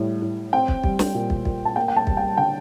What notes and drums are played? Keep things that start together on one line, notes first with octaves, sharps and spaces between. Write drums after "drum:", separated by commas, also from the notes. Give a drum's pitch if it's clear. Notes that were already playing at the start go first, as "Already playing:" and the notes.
Already playing: A2 G3
A2
C4 G5
drum: kick
G3, drum: kick
drum: snare
A#2
drum: kick
A#2, drum: kick
A5
A#3 G5
G5
A5
G3, drum: kick
G5
D3 G5